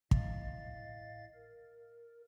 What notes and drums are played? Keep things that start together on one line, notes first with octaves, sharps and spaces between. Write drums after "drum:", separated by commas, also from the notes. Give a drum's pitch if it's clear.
A2 D#5 F5 A6, drum: kick
A#4